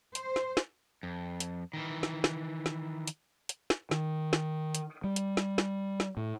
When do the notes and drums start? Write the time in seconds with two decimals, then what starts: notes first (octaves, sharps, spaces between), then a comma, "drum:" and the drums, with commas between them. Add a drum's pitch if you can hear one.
0.15 C5, drum: hi-hat
0.36 drum: snare
0.57 drum: snare
1.03 F2
1.40 drum: hi-hat
1.73 D#3 E3
2.03 drum: snare
2.24 drum: snare
2.66 drum: snare
3.07 drum: hi-hat
3.49 drum: hi-hat
3.70 drum: snare
3.91 D#3, drum: snare
4.33 drum: snare
4.75 drum: hi-hat
5.04 G3
5.16 drum: hi-hat
5.37 drum: snare
5.58 drum: snare
6.00 drum: snare
6.17 A2